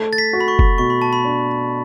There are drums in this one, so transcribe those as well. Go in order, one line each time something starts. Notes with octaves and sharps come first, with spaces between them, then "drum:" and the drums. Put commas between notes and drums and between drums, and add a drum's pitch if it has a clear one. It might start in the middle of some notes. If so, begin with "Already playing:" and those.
Already playing: A3
A6
B6
F#4
B5
C#6
drum: kick
B2 C#6
B5
A5
B5
D4